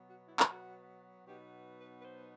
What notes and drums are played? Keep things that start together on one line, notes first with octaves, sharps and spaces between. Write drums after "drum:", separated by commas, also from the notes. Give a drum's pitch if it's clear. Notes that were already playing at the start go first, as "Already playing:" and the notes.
Already playing: B2 F#3 B3
F#4
E4
drum: clap
F#4
B2 F#3 B3 D#4 G4
B4
B4
C5